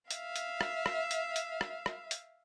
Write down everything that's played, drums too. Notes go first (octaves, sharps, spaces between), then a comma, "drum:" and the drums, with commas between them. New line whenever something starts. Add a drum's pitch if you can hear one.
E5 F5, drum: hi-hat
drum: hi-hat
drum: rim click
drum: rim click
drum: hi-hat
drum: hi-hat
drum: rim click
drum: rim click
drum: hi-hat